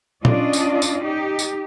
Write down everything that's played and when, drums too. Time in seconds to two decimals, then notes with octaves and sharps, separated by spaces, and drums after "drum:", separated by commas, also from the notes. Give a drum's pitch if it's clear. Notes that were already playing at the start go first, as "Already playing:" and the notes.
0.25 C#4 D4 F4 D5 D#5, drum: tom A#2
0.53 drum: tambourine
0.82 drum: tambourine
1.04 D#4 G4
1.39 drum: tambourine